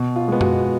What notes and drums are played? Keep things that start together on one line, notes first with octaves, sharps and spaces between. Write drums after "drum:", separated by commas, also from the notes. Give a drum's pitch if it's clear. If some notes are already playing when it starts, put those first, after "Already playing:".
Already playing: B2
F4
G#3 B3
F#4, drum: tom F#2